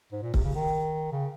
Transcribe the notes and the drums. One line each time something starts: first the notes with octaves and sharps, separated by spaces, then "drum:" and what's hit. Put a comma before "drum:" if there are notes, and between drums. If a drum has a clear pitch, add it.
G#2
A#2
C3, drum: kick C#1
C#3
D#3
C#3